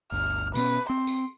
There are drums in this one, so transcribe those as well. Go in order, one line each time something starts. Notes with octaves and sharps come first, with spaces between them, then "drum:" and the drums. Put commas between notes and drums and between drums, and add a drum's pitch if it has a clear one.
G1 D2 F6
B2 B3 C#4 B4, drum: tambourine
C4 C6
drum: tambourine